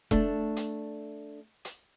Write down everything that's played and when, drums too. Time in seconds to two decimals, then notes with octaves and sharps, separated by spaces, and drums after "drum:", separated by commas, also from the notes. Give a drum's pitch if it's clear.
0.11 A3 D4, drum: kick E1
0.56 drum: hi-hat
1.65 drum: hi-hat